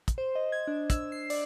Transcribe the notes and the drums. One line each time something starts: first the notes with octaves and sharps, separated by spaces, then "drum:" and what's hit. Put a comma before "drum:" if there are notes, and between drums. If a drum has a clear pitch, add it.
drum: kick, hi-hat
C5
D#5
G#6
D4
E6, drum: kick, hi-hat
C7
D5, drum: open hi-hat